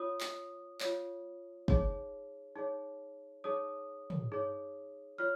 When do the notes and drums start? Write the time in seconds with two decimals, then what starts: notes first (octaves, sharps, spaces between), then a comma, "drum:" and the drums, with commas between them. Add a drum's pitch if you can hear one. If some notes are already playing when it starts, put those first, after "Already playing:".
Already playing: F4 C#5 D#6
0.21 drum: clap
0.80 F4 C#5, drum: clap
1.68 D#4 G#4 C#5, drum: kick
2.56 D#4 G#4 C#5
3.44 D#4 G#4 C#5 D#6
4.10 drum: tom
4.32 D#4 G#4 C#5
5.18 F4 C#5 F6